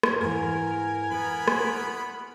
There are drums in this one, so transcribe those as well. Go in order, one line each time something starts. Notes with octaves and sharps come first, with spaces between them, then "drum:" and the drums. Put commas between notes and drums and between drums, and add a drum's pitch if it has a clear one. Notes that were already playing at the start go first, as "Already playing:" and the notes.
drum: rim click
G#2 E3 A#4 G#5
B3 B4 B5
drum: rim click